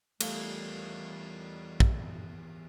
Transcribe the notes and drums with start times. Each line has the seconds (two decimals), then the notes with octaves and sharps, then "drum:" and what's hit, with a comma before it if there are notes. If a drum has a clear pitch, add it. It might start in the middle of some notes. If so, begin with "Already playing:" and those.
0.20 E2 D#3 G3 A3 F5, drum: cymbal
1.80 drum: kick